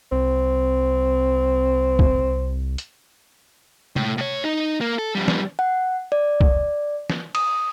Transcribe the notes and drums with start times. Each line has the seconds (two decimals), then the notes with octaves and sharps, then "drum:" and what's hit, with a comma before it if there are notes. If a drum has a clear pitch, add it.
0.12 C2 C4
1.99 drum: kick C2
2.78 drum: hi-hat
3.96 A2, drum: tom C3
4.18 A2 C#5
4.44 D#4
4.81 A#3
4.98 A4
5.15 F2 G3
5.28 drum: snare
5.59 F#5
6.12 D5
6.41 drum: kick C2
7.10 drum: snare
7.35 D#6, drum: cymbal